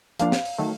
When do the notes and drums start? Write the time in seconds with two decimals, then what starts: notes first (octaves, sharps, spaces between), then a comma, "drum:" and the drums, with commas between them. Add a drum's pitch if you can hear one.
0.19 F3 A#3 D4 F5, drum: hi-hat
0.32 drum: snare
0.45 drum: open hi-hat
0.58 D#3 F#3 A3